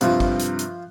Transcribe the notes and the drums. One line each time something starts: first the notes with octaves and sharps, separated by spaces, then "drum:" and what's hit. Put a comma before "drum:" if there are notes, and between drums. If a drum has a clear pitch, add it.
G2 C3 F3 F4 F#6, drum: hi-hat
drum: kick
drum: hi-hat
drum: hi-hat